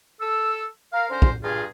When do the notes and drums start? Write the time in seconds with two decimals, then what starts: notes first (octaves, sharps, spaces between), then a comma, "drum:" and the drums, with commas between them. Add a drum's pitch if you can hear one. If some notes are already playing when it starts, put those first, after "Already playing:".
0.20 A4 E6
0.93 A#4 F5
1.11 D3 C#4 A#4 C5
1.22 drum: kick
1.44 G2 A#2 F4 G#4